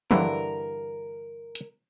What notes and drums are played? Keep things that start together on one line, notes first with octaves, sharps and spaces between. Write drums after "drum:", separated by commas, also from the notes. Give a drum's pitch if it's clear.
G2 D3 E3 A#4, drum: tom E3
drum: hi-hat